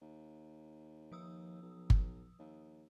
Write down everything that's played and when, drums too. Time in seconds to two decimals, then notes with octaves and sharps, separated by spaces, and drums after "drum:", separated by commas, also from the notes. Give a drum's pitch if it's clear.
0.02 D#2
1.12 F3 D#6 E6
1.62 B1
1.90 drum: kick G1
2.39 D#2